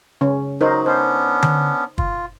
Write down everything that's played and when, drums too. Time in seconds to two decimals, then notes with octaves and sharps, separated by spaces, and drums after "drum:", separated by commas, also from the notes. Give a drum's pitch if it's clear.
0.21 C#3 C#4
0.61 F#3 D#4 A#4 C5
0.86 B3 C#4 D4 C5
1.43 drum: tom D3
1.98 F4, drum: kick